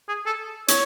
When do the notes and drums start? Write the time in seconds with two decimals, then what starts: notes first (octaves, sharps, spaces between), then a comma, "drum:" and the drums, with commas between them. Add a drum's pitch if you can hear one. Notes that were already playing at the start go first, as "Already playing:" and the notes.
0.08 G#4
0.26 A4
0.68 C#5, drum: hi-hat